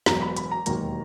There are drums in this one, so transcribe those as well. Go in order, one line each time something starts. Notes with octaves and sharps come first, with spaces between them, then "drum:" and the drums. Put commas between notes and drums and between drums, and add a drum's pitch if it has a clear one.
E1 E2 B2 F#3 A#5, drum: snare
B5
B5, drum: hi-hat
A#5
E1 D#2 D#3 F#3 A#3 A#5, drum: hi-hat